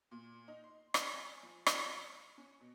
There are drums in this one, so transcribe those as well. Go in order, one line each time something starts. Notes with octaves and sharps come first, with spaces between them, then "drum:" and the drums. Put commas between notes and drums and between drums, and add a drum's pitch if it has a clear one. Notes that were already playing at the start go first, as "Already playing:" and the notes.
A#2
D#4
C6
drum: rim click
G#5
F3
F4, drum: rim click
C#7
C#4
B2